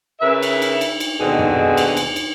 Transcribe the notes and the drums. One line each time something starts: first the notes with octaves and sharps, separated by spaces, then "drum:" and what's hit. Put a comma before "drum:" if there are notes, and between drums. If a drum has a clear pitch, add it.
C#3 A#4 B4 E5
drum: cymbal
drum: cymbal
drum: cymbal
drum: cymbal
D#2 B2 D3 G#3 C4 G#4
drum: tom
drum: cymbal
drum: cymbal
drum: cymbal